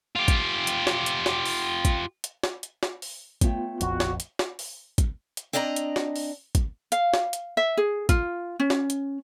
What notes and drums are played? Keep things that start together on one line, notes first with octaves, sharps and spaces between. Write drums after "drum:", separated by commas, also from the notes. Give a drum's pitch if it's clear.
F4 G4
drum: kick, hi-hat
drum: hi-hat
drum: snare
drum: hi-hat
drum: snare
drum: open hi-hat
drum: kick, hi-hat
drum: hi-hat
drum: snare
drum: hi-hat
drum: snare
drum: open hi-hat
A3 B3 F4 C#5 G5, drum: kick, hi-hat
F1 A#1 F2 F#4, drum: hi-hat
drum: snare
drum: hi-hat
drum: snare
drum: open hi-hat
drum: kick, hi-hat
drum: hi-hat
C4 D4 D5 D#5 A#5
drum: hi-hat
drum: snare
drum: open hi-hat
drum: kick, hi-hat
F5, drum: hi-hat
drum: snare
drum: hi-hat
E5
G#4
F4, drum: kick, hi-hat
C#4
drum: snare
drum: hi-hat